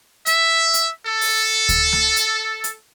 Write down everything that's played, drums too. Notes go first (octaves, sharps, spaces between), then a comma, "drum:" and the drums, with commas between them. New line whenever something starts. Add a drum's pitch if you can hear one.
E5, drum: hi-hat
drum: hi-hat
A4
drum: open hi-hat
drum: kick D2, hi-hat
drum: snare
drum: hi-hat
drum: hi-hat